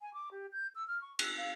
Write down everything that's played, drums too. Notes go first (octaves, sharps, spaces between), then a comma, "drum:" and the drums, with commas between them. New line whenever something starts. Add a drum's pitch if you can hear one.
G#5
D6
G4
G6
E6
F6
C#6
F#6, drum: cymbal
F5